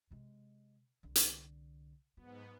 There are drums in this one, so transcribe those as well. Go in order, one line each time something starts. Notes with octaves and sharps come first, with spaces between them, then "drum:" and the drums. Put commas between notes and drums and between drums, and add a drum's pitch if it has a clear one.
C3 G#3
C2 D3
drum: hi-hat
G#2 F#3 B3